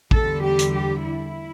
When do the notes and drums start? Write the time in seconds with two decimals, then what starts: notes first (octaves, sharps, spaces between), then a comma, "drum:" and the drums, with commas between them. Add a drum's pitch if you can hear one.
0.11 E2 D3 G3 A4, drum: kick
0.43 G4
0.59 drum: hi-hat
0.73 G4
1.04 E4